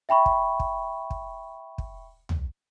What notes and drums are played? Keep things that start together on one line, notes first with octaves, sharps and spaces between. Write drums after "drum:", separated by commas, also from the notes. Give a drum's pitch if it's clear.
E5 G5 B5 C#6
drum: kick
drum: kick
drum: kick
drum: kick
drum: tom